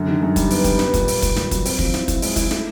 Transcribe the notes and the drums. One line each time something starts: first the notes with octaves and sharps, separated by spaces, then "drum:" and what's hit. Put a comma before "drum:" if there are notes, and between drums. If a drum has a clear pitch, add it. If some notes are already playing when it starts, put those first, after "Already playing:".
Already playing: F#2 D3
D#3
F#2
G3, drum: kick, hi-hat
B3, drum: open hi-hat
G3, drum: kick, hi-hat
B3, drum: snare
A#2, drum: kick, hi-hat
B3, drum: open hi-hat
A#2, drum: kick, hi-hat
A#2, drum: snare
F#3, drum: kick, hi-hat
C4, drum: open hi-hat
F3, drum: kick
E4, drum: snare
E4, drum: kick, hi-hat
G#3, drum: open hi-hat
E4, drum: kick, hi-hat
A3, drum: snare